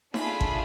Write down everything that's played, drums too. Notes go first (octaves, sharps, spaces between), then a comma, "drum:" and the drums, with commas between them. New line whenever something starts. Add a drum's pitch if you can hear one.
A3 D4 F4 G#4 B5, drum: snare D#4
drum: kick